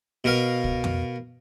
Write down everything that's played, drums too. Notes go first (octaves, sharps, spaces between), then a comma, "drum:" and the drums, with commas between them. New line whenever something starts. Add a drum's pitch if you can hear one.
B2 A#4 F5
drum: kick C2
drum: tom F2